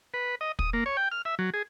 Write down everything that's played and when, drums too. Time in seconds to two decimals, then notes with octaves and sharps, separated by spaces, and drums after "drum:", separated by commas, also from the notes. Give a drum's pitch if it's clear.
0.14 B4
0.41 D#5
0.59 D#6, drum: kick
0.73 A#3
0.86 C#5
0.97 G5
1.11 F6
1.25 E5
1.39 F#3
1.54 G#4